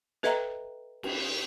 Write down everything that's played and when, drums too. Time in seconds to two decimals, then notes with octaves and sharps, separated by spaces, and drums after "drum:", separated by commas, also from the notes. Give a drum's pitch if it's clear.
0.23 A4 B4 D#5 E5 G5 A#5, drum: snare
1.03 drum: cymbal